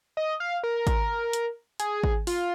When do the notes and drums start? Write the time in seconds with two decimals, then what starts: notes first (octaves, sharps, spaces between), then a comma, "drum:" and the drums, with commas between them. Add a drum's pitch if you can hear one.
0.17 D#5
0.40 F5
0.64 A#4
0.87 drum: kick G#1, hi-hat
1.33 drum: hi-hat
1.80 G#4, drum: hi-hat
2.04 drum: kick G#1
2.27 F4, drum: open hi-hat